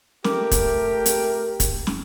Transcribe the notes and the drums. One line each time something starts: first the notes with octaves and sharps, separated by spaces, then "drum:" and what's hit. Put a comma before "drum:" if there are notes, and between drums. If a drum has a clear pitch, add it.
A3 G4 A#4, drum: snare
drum: kick, hi-hat
drum: hi-hat
drum: kick, hi-hat
drum: snare